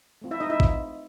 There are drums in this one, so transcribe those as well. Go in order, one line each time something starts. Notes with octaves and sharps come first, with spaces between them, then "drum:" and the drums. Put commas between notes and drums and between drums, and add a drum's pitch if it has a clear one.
A3 C4 F4
E4 E5
D#4 D#5
E4 E5
C4 F4, drum: kick G#1